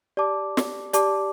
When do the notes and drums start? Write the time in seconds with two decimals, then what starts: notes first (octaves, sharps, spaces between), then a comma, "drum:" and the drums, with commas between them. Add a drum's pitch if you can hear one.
0.17 G4 D5 A5 D6
0.57 drum: snare
0.93 G4 D5 A5 D6, drum: hi-hat